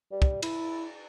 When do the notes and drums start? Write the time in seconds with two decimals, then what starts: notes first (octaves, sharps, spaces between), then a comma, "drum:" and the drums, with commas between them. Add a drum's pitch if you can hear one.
0.12 G3
0.22 drum: kick
0.42 E4, drum: cymbal